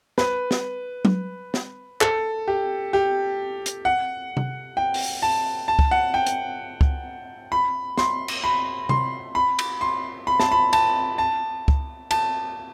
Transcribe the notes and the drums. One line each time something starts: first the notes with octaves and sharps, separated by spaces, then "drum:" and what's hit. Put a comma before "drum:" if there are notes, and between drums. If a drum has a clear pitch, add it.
B4, drum: snare
drum: snare
drum: tom F#3
drum: snare
A4, drum: clap
G4
G4
drum: hi-hat
F#5
drum: tom C3
G5
drum: open hi-hat
A5
A5
drum: kick C#2
F#5
G5
drum: hi-hat
drum: kick C#2
B5
C6, drum: snare
drum: cymbal
B5
C6, drum: tom C3
B5
drum: cymbal
C6
B5
A5, drum: snare
B5
A5, drum: cymbal
A5
drum: kick C#2
A5, drum: cymbal